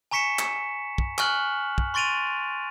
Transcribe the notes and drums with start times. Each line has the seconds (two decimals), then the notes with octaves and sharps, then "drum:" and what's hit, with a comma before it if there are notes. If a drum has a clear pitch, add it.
0.11 G#5 A#5 C#6 B6 C#7 E7
0.39 drum: clap
0.98 drum: kick
1.18 G#5 C#6 F6 F#6 F#7, drum: clap
1.78 drum: kick
1.94 C6 C#6 A6 D7 D#7 F7